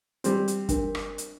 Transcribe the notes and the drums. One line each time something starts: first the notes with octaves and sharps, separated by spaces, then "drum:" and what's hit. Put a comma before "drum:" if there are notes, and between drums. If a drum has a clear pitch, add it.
G3 C4, drum: hi-hat
drum: hi-hat
D4 A#4, drum: kick, hi-hat
drum: rim click
drum: hi-hat